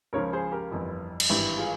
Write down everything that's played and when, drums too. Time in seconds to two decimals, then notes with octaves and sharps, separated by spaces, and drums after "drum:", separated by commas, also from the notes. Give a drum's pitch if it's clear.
0.13 C#2 C#3 F3 A#4 C#5
0.33 G#4 C5
0.51 G4 A#4
0.71 G1 F2 E3
1.20 drum: cymbal
1.29 G#1 G2 E3 E4 G4
1.58 F4 G#4